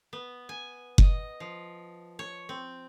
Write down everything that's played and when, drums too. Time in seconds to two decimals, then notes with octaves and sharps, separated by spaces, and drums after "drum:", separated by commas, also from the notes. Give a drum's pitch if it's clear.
0.13 B3
0.49 G#5
0.98 D#5, drum: kick F#1
1.40 F3
2.19 C#5
2.49 C4